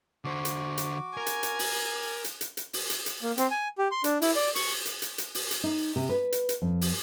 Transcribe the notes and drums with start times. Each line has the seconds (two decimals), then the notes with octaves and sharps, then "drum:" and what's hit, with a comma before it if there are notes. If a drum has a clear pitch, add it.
0.25 D3 F#4 C5 D6
0.45 drum: hi-hat
0.78 drum: hi-hat
1.17 A#4 G#5
1.26 drum: hi-hat
1.43 drum: hi-hat
1.59 drum: open hi-hat
1.93 G4
2.24 drum: hi-hat
2.41 drum: hi-hat
2.57 drum: hi-hat
2.73 drum: open hi-hat
2.90 drum: hi-hat
3.06 drum: hi-hat
3.22 A#3
3.38 C4, drum: hi-hat
3.51 G#5
3.78 G4
3.91 C6
4.04 D4, drum: hi-hat
4.22 E4, drum: open hi-hat
4.36 D5
4.55 C#6, drum: open hi-hat
4.86 drum: hi-hat
5.02 drum: hi-hat
5.18 drum: hi-hat
5.34 drum: open hi-hat
5.51 drum: hi-hat
5.64 D#4
5.96 C3
6.09 B4
6.32 drum: hi-hat
6.49 drum: hi-hat
6.62 F2
6.81 drum: open hi-hat